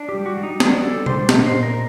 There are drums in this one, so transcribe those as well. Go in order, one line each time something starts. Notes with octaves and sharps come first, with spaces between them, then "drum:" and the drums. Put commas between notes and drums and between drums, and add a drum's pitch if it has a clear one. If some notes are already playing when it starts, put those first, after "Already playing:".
Already playing: D4
G4
G3
F#4
G3
D#4
D4 F#4, drum: snare
G3 A4
D4 C5, drum: tom B2
A#2 D#5, drum: snare
A#2 C5
A#4